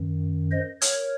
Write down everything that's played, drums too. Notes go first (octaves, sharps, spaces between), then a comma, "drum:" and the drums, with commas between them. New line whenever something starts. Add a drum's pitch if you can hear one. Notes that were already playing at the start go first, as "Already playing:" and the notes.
Already playing: F#2 D#3
C5 D#5
A#4 C#5, drum: hi-hat